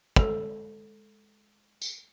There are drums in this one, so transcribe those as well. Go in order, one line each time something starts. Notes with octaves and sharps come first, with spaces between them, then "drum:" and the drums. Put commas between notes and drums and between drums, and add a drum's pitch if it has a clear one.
G#3 A4, drum: kick
drum: tambourine